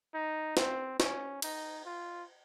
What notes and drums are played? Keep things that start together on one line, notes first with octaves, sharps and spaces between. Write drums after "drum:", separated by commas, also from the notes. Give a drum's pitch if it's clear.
D#4
C4, drum: snare
C#4, drum: snare
D#4, drum: cymbal
F4